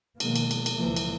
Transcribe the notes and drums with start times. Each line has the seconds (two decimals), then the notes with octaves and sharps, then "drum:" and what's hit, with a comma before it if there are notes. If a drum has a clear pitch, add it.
0.20 B2 D#3 F3 G#3 A#3 B3, drum: cymbal
0.36 drum: cymbal
0.51 drum: cymbal
0.66 drum: cymbal
0.77 C#2 A#2 E3 F3 A#3
0.96 drum: cymbal